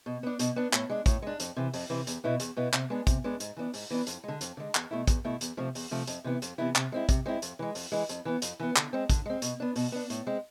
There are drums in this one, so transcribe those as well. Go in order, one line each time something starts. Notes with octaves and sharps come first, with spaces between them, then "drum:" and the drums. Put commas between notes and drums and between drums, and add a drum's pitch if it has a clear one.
B2
B3 D4
B2, drum: hi-hat
B3 D4
A2, drum: clap
G#3 D4
A2, drum: kick, hi-hat
G#3 D4
F2, drum: hi-hat
C3 E3
F2, drum: open hi-hat
C3 E3
E2, drum: hi-hat
B2 B3 E4
E2, drum: hi-hat
B2 B3 E4
C3, drum: clap
G#3 B3 D4
C3, drum: kick, hi-hat
G#3 B3 D4
G#2, drum: hi-hat
E3 B3 D4
G#2, drum: open hi-hat
E3 B3 D4
F2, drum: hi-hat
D3 G#3
F2, drum: hi-hat
D3 G#3
E2, drum: clap
B2 A3 E4
E2, drum: kick, hi-hat
B2 A3 E4
E2, drum: hi-hat
C3 F3 A3
E2, drum: open hi-hat
C3 F3 A3
F2, drum: hi-hat
C3 E3 B3 E4
F2, drum: hi-hat
C3 E3 B3 E4
C3, drum: clap
G#3 C4 E4
C3, drum: kick, hi-hat
G#3 C4 E4
F2, drum: hi-hat
E3 G#3
F2, drum: open hi-hat
E3 G#3
F2, drum: hi-hat
E3 B3
F2, drum: hi-hat
E3 B3
D3, drum: clap
G#3 C4
D3, drum: kick, hi-hat
G#3 C4
B2, drum: hi-hat
B3 D4
B2, drum: open hi-hat
B3 D4
A2, drum: hi-hat
G#3 C4